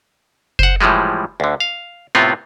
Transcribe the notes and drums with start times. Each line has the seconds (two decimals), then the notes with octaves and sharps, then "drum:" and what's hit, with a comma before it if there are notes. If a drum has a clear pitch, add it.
0.59 C5 F#5, drum: kick F#1
0.81 A2 E3 F3 G3 G#3
1.40 D2 D3
1.60 F5
2.15 A2 C3 B3 C4 F4